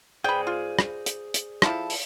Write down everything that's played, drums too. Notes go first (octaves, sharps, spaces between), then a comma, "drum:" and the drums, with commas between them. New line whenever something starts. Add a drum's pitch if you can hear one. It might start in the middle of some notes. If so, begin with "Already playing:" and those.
G#4 B4 C5 D5 G5
F4
drum: rim click
drum: hi-hat
drum: hi-hat
F3 E4 A4, drum: rim click
drum: open hi-hat